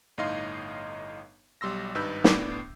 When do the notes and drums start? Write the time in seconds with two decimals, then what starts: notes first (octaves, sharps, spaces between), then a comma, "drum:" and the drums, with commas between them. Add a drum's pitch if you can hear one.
0.18 G1 A2 D#4 D#5 F5 C6
1.61 B1 G3 C6 E6 A#6
1.95 G#1 G2 D#4 B4 E6 G6
2.24 A2 B3 D4 D6 C7, drum: snare